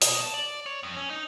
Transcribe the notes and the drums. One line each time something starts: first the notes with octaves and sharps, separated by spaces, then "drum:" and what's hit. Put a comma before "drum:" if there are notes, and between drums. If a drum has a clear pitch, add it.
B2, drum: hi-hat
A5
D5
C#5
F2
C#4
D#4